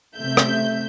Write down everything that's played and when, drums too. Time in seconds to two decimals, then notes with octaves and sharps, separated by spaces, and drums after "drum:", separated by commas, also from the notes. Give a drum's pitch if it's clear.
0.16 C3 A3 E5 G6
0.37 drum: rim click